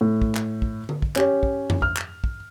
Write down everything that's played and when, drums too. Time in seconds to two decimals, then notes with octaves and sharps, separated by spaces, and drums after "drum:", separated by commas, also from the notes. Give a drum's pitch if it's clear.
0.01 A2
0.22 drum: kick
0.35 drum: clap
0.62 drum: kick
0.89 drum: tom D3
1.02 drum: kick
1.16 C#4 G4 C#5, drum: clap
1.43 drum: kick
1.70 drum: tom F2
1.82 F6, drum: kick
1.97 drum: clap
2.24 drum: kick